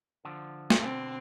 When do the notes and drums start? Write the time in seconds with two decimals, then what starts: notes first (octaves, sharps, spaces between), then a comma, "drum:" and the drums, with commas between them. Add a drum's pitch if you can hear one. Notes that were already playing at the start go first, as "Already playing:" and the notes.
0.25 D3 F3
0.70 drum: snare
0.80 B2 D3 C4